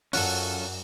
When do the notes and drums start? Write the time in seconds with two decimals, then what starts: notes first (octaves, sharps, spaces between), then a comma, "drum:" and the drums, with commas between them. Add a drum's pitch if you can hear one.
0.13 F#2 C#4 F4 A4 F#5, drum: open hi-hat